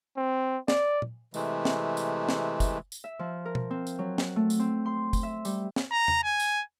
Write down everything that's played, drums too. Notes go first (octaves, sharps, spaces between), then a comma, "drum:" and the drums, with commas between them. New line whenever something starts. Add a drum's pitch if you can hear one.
C4
D5, drum: snare
drum: tom
C3 E3 G#3 A3, drum: tambourine
drum: snare
drum: tambourine
drum: snare
drum: kick, tambourine
drum: tambourine
E5
F3
A#4
drum: tom B2
C4
drum: tambourine
F#3
drum: snare
A3
drum: tambourine
C4
C6
drum: kick, tambourine
E5
G3, drum: tambourine
drum: snare
A#5
drum: tom E2
G#5
drum: tambourine